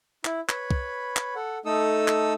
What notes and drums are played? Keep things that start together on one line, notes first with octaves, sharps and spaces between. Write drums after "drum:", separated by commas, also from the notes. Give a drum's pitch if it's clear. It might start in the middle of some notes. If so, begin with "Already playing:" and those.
E4, drum: clap
B4 C#5 B5, drum: clap
drum: kick
drum: clap
A4 F#5
A3 D#4 A4 D#6 E6
drum: clap